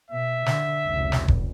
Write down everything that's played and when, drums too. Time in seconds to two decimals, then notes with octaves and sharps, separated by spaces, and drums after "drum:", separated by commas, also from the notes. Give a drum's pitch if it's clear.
0.11 B2 E5
0.46 D3, drum: snare
0.87 F1 C#2
1.12 drum: snare
1.28 drum: kick E1